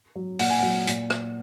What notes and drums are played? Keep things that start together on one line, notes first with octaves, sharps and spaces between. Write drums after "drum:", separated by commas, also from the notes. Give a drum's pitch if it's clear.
F#3
A#2 F#5, drum: open hi-hat
G#5
F#3 F#5
A#2, drum: hi-hat
drum: rim click